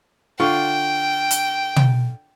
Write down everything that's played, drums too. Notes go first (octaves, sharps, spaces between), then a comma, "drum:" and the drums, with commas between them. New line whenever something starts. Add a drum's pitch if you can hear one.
D3 F4 G5 C#6
drum: hi-hat
drum: tom